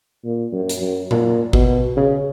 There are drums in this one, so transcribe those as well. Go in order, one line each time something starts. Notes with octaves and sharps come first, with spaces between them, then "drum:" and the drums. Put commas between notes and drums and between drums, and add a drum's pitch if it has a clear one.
A#2
F#2
drum: hi-hat
F#2
A#2, drum: tom A#2
B2, drum: kick G#1
C#3